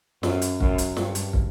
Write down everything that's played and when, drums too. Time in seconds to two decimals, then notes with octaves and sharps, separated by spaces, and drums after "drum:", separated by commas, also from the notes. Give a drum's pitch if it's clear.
0.23 F#2, drum: snare
0.42 drum: hi-hat
0.60 F#2, drum: kick
0.78 drum: hi-hat
0.97 G2, drum: snare
1.15 drum: hi-hat
1.33 drum: kick